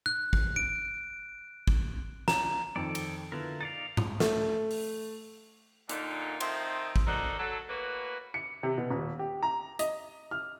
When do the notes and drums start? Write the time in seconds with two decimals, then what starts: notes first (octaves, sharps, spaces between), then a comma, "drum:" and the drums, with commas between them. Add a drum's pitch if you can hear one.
0.06 F#6
0.33 drum: kick
0.56 D7
1.67 drum: kick
2.28 A#5, drum: snare
2.76 F2 D#3 C4 A4 D5
2.95 drum: cymbal
3.32 D3 B3 E4 F4 A#4
3.61 D#4 D5 F5 A6
3.97 drum: tom G#2
4.20 A3, drum: snare
4.71 drum: open hi-hat
5.89 A#2 D3 D#4, drum: hi-hat
6.40 D#3 F3 C4 F4 D#5 E5, drum: cymbal
6.96 drum: kick
7.07 D#4 F#4 A4 A#4 C5 D5
7.39 F#3 A4
7.69 A2 A#3 F#4 B4
8.34 C#7
8.63 C3
8.78 B2
8.91 D#1
9.19 G4
9.43 A#5
9.79 D#5, drum: hi-hat
10.31 F6